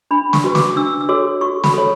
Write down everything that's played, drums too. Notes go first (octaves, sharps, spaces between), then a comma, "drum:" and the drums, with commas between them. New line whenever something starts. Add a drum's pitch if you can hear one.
D4 B5
C#6, drum: snare
F#4 B4
D6, drum: snare
D4 E6
E6
F#4 A4 C#5 D6
F#4 C#6
B5, drum: snare
A4 C#5